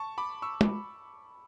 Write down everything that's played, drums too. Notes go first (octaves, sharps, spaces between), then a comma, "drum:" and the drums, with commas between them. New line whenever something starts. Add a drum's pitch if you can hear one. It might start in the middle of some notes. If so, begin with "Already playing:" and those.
Already playing: A5 C#6
B5 D6
C#6 E6
drum: tom